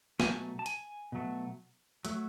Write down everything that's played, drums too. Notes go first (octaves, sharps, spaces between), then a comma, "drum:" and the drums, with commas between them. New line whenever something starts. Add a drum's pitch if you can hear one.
B2 F#3 A3 G#5, drum: snare
A5
G#5, drum: hi-hat
B2 F#3 A3
F#3 A3, drum: hi-hat